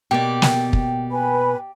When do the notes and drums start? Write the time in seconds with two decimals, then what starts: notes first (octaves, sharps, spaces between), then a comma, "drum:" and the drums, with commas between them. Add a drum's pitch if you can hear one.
0.11 B2 A#3 G4 D5 G5
0.42 drum: snare
0.73 drum: kick
1.11 B4 G#5 B5